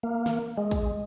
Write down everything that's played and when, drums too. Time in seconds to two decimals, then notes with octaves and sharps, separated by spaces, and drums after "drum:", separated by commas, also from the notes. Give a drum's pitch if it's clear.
0.03 A#3
0.26 drum: snare
0.57 G#3
0.71 drum: kick, hi-hat